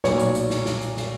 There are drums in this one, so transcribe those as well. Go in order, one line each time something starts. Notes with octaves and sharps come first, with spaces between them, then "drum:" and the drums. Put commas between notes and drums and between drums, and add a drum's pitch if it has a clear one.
B1 A#2 C#5, drum: snare
drum: hi-hat
drum: hi-hat
drum: snare
drum: snare
drum: hi-hat
drum: snare